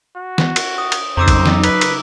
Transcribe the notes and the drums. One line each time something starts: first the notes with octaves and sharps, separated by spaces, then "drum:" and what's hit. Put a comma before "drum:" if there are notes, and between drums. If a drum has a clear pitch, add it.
F#4
drum: snare
drum: cymbal
D#6
drum: cymbal
F2 C#3 F#3 D#4 C5 A#5 D6 E6
drum: kick, cymbal
drum: snare
B4, drum: cymbal
drum: cymbal